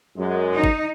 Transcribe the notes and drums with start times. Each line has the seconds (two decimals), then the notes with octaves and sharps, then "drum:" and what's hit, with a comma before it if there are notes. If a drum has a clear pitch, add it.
0.16 F#2 G#3
0.54 D#4
0.64 drum: kick G1